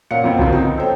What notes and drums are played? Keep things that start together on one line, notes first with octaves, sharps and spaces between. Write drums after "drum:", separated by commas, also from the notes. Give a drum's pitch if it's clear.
A#2 C#4 F5 F#5 C#7
F2 C4
G1 C#3 F3 A#3 C4 F#4, drum: kick B1
D#4
A4 C5 C#5 G5